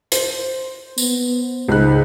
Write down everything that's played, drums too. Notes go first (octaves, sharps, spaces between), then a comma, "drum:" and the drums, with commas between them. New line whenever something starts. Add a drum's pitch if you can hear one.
C5, drum: hi-hat
B3, drum: tambourine
C#2 G#2 F#6